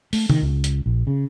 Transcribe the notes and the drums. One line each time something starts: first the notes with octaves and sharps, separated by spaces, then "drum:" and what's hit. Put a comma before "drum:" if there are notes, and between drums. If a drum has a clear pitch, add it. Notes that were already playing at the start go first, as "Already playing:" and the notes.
A3, drum: open hi-hat
D#3, drum: tom
C#2
drum: hi-hat
A#1
C#3